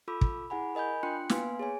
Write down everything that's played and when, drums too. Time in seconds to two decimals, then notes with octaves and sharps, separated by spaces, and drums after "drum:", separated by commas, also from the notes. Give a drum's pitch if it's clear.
0.08 F4 A4 B5 D6 E6
0.21 drum: kick
0.50 E4 G#4 F#5 G#5 B5
0.75 A#4 D#5 G#5 B5 G6
1.03 D4 F4 G5 C6 F#6 C#7
1.29 A#3 B3 B4 F5 G#5 C6, drum: snare
1.59 G#4 C#5 G#5